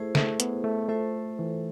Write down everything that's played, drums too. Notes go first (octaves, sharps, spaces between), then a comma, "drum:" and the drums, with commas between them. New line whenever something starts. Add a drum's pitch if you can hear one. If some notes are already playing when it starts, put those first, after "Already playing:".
Already playing: A3 E4 G#4 C5
A3, drum: snare
B3, drum: hi-hat
A3
A3 F4 A4 C5 E5
E3